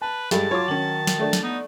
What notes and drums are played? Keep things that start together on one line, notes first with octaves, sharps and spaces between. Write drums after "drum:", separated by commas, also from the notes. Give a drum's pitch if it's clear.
B4 A5
G2 G#3 G4 A4 A5, drum: snare
F#3 F4 C#5 D6
D#3 C#4 F#7
drum: snare
A3 D4
drum: snare
B3 D#4